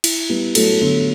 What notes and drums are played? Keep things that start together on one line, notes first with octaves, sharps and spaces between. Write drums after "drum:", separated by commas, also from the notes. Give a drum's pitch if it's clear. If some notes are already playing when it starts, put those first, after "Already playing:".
E4, drum: cymbal
G3 B3 E4
F#3 A3 A4, drum: cymbal
D3 F#3 B3